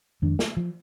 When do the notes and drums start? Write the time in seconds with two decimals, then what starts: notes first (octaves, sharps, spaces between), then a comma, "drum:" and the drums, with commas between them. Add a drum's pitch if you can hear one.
0.22 F2 D#3 G#3 D4
0.39 drum: snare
0.57 F3